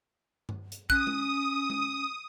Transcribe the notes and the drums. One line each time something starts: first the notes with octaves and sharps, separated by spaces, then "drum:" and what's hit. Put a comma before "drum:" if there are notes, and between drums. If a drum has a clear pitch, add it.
drum: tom G2
drum: hi-hat
C#4 D#6 F#6, drum: kick
drum: tom G#3
drum: tom G#3